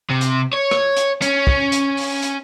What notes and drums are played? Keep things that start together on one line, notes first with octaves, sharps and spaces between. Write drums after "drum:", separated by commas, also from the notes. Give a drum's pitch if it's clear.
C3
drum: hi-hat
C#5
drum: rim click
drum: hi-hat
C#4, drum: hi-hat
drum: kick
drum: hi-hat
drum: open hi-hat
drum: hi-hat